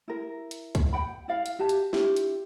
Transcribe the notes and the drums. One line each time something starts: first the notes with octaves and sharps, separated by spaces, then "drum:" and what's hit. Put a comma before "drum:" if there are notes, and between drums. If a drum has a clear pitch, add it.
E4 A#4
drum: hi-hat
drum: kick, hi-hat
F#5 G5 B5
E4 D5 F5
drum: hi-hat
F#4 G4 E5 A5
drum: hi-hat
D4 E4 F4 G4, drum: snare
drum: hi-hat